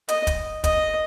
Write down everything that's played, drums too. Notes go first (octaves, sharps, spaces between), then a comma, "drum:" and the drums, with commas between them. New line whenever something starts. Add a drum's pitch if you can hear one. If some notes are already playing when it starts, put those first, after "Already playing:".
D#5, drum: hi-hat
drum: kick, hi-hat
D#5, drum: kick, hi-hat